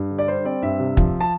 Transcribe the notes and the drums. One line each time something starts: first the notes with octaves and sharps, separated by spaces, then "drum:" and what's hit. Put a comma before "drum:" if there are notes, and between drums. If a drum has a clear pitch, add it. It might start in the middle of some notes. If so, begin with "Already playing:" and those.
Already playing: G2
D3
D5
G3 C5
C4 D5
G2 E5
C3
F3, drum: kick
A5